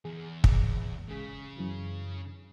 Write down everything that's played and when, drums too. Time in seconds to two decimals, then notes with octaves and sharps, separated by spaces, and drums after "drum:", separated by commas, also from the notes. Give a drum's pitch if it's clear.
0.05 E2 G#4
0.44 drum: kick
1.09 C#3 G#3 G#4 B6
1.56 F#2 E3 F#3